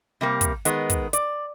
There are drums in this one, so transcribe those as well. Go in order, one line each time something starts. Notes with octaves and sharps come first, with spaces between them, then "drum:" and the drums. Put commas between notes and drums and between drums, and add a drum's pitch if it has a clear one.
C3 G3 A#3
drum: kick, hi-hat
D#3 G#3 B3, drum: hi-hat
drum: kick, hi-hat
D5, drum: hi-hat